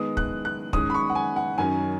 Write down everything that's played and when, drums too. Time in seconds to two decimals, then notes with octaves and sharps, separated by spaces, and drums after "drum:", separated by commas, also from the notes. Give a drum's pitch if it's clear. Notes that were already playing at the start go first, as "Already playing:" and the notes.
Already playing: D#3 G#3 B3 D#6
0.17 F#6, drum: kick
0.45 F#6
0.73 D#3 G#3 C#4 D#6, drum: kick
0.90 B5
0.95 C#6
1.10 F#5
1.15 G#5
1.36 F#5
1.58 F#2 D#3 F#3 C#4 G#5